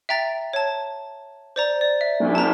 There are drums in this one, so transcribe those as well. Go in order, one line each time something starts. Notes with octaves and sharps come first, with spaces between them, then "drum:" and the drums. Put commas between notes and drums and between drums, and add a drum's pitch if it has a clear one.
E5 G5 A#5 A6
C#5 A5
C5 D5 A#5
D5
E5
drum: cymbal
A5 A#5